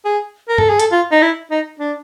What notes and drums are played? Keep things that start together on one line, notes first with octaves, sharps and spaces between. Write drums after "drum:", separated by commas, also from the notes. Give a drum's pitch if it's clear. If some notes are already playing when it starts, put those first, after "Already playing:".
G#4
A#4
A4, drum: tom G2
G#4
A4, drum: hi-hat
F4
D#4
E4
D#4
D4